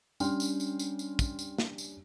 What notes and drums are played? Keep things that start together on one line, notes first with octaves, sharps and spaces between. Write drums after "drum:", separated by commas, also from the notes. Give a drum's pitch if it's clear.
G3 C#4 D4 G5 C6 F6, drum: tambourine
drum: tambourine
drum: tambourine
drum: tambourine
drum: tambourine
drum: kick, tambourine
drum: tambourine
drum: snare
drum: tambourine